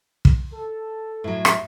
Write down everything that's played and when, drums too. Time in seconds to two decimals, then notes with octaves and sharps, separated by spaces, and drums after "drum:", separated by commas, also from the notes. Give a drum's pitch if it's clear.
0.25 drum: kick
0.52 A4
1.24 A2 F#3
1.45 drum: rim click